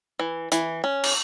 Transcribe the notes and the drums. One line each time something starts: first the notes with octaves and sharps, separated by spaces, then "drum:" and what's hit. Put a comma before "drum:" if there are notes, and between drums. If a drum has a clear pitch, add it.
E3
E3, drum: hi-hat
C#4
drum: cymbal